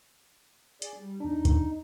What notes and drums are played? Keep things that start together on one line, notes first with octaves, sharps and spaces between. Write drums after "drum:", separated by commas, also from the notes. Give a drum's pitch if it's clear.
G#4 D5, drum: hi-hat
G3
E2 D4 D#4
drum: kick, hi-hat